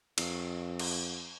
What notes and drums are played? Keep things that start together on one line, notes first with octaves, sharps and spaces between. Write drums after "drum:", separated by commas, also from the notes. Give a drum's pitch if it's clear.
F2, drum: cymbal
drum: cymbal